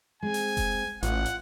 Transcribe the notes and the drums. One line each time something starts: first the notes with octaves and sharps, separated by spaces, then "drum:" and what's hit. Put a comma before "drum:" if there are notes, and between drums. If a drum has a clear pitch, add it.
G#3 C4 G#5
drum: open hi-hat
drum: kick F1, open hi-hat
A1 F4 F#5, drum: hi-hat
drum: hi-hat